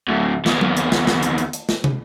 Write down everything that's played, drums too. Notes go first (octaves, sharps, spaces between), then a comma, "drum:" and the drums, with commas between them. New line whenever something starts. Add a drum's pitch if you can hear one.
D2 A2
D#2 B3, drum: snare
drum: tom F#3
drum: hi-hat
drum: snare
drum: snare
drum: hi-hat
drum: hi-hat
drum: hi-hat
drum: snare
drum: tom